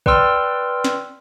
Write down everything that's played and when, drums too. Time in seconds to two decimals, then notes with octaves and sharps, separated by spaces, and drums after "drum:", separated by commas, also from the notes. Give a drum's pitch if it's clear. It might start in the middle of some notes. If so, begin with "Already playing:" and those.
0.06 B4 D5 G5 C6 E6 F6, drum: kick
0.84 drum: snare